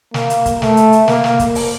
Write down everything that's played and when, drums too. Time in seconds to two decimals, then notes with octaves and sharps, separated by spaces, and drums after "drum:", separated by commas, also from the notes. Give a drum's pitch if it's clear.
0.14 A#3, drum: snare
0.30 drum: hi-hat
0.46 drum: kick, hi-hat
0.62 A3, drum: snare
0.77 drum: hi-hat
0.93 drum: hi-hat
1.08 A#3, drum: snare
1.24 drum: snare
1.39 drum: kick, hi-hat
1.55 drum: open hi-hat